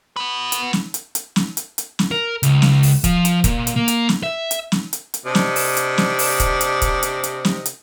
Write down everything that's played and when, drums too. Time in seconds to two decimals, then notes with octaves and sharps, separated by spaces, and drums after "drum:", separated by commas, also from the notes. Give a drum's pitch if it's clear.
0.16 F#4 B4
0.52 drum: hi-hat
0.73 drum: snare
0.94 drum: hi-hat
1.15 drum: hi-hat
1.36 drum: snare
1.57 drum: hi-hat
1.78 drum: hi-hat
1.99 drum: snare
2.11 A#4
2.43 C#2, drum: hi-hat
2.62 drum: snare
2.83 drum: open hi-hat
3.04 F3, drum: kick, hi-hat
3.25 drum: hi-hat
3.44 A#2, drum: kick, hi-hat
3.67 drum: hi-hat
3.76 A#3
3.88 drum: hi-hat
4.09 drum: snare
4.23 E5
4.51 drum: hi-hat
4.72 drum: snare
4.93 drum: hi-hat
5.14 drum: hi-hat
5.26 C3 D4 D#5
5.35 drum: snare
5.56 drum: open hi-hat
5.77 drum: hi-hat
5.98 drum: snare
6.19 drum: open hi-hat
6.40 drum: kick, hi-hat
6.61 drum: hi-hat
6.82 drum: kick, hi-hat
7.03 drum: hi-hat
7.24 drum: hi-hat
7.45 drum: snare
7.66 drum: hi-hat